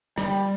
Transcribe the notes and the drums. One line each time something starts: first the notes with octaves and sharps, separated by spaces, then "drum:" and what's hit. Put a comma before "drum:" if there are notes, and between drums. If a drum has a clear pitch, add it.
G3, drum: rim click